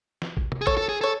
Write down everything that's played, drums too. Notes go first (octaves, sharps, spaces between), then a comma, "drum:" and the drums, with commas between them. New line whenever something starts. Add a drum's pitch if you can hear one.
drum: snare
drum: kick A1
drum: tom
G#4
A4 C#5, drum: kick A1
A4
G#4
A4 C#5